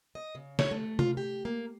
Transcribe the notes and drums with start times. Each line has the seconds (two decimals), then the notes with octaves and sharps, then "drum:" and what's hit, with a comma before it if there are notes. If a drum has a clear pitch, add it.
0.15 D#5
0.35 C#3
0.59 C#5, drum: snare
0.71 A3
0.99 F4, drum: tom C3
1.17 G4
1.45 A#3